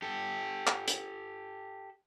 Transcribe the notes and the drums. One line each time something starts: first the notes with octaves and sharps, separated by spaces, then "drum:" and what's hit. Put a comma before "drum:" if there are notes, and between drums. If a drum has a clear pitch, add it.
G4 A4
drum: clap
drum: hi-hat